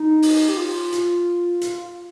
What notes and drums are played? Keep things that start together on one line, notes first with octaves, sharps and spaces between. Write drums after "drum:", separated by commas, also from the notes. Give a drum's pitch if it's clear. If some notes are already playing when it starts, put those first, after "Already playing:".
Already playing: D#4
drum: open hi-hat
G4
F4
F4, drum: hi-hat
drum: hi-hat